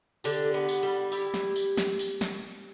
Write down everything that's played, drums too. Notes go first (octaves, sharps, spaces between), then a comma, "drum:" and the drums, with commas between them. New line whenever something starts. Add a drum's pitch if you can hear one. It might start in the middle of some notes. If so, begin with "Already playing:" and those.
D3 G4, drum: tambourine
B3
drum: tambourine
G3
E4 G4, drum: tambourine
drum: snare
drum: tambourine
drum: snare
drum: tambourine
drum: snare